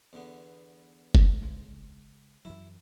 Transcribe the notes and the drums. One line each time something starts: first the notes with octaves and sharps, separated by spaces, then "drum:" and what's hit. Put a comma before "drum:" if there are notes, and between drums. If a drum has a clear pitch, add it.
E2 D3 B3
drum: kick
C#3 G#3
F#2 E3 F#3 E4